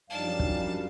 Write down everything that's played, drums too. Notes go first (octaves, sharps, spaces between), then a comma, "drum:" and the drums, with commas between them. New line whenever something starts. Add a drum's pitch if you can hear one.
F#2 F3 G3 D4 D#4 F5 A5
drum: kick